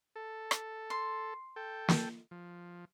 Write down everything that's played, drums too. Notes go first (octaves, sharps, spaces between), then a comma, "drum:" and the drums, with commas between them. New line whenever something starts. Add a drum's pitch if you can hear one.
A4
drum: rim click
C6
A4 G5
drum: snare
F3